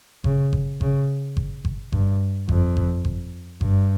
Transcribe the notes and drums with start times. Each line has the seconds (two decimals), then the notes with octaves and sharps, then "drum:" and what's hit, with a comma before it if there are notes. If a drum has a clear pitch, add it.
0.24 C#3, drum: kick G1
0.53 drum: kick G1
0.81 C#3, drum: kick G1
1.37 drum: kick G1
1.65 drum: kick G1
1.92 G2, drum: kick G1
2.49 F2, drum: kick G1
2.77 drum: kick G1
3.05 drum: kick G1
3.61 G2, drum: kick G1